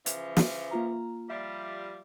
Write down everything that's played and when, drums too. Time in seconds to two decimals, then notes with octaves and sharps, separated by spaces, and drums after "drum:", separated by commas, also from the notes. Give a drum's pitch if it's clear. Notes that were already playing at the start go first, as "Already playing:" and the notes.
0.06 C#3 E3 F3, drum: hi-hat
0.37 drum: snare
0.71 A#3 F4 A#5
1.30 F3 G3 E5